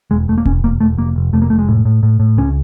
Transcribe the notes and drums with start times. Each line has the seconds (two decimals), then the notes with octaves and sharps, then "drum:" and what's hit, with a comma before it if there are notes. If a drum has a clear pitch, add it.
0.11 E1 G#3
0.28 E1 A3
0.38 A#3
0.46 E1 C#4, drum: kick D1
0.64 E1 A#3
0.80 E1 A3
0.98 F1 A#3
1.16 F1
1.33 F1 A3
1.42 A#3
1.50 F1 A3
1.59 G#3
1.68 A2
1.85 A2
2.03 A2
2.20 A2
2.37 C#2 C#4